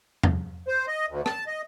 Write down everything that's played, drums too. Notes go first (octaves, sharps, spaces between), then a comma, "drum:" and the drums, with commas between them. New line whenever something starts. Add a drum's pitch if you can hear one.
drum: tom E2
C5
D#5
D2
A5, drum: rim click
D#5